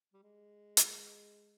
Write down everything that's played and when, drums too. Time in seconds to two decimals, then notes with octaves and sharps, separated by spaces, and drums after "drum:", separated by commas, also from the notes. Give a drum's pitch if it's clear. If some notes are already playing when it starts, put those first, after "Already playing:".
0.13 G3
0.23 G#3
0.77 drum: hi-hat